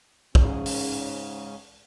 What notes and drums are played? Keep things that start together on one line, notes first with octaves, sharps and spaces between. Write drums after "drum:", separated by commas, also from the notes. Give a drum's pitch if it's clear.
G#2 C#3 C#4, drum: kick
drum: open hi-hat